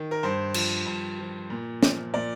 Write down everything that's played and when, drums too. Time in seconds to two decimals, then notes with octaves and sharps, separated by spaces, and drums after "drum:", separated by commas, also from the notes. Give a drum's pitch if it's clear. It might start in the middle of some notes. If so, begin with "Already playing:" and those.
Already playing: D#3
0.11 A#4
0.23 G2 C5
0.54 F3, drum: cymbal
0.86 G2
1.19 F3
1.50 A#2
1.83 F3, drum: snare
2.14 A#2 D5